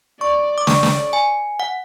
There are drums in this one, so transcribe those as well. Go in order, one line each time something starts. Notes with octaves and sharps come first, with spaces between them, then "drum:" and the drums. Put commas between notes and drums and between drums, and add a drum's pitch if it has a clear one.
D5 C#6
D6
D5 C#6, drum: snare
drum: snare
G#5
F#5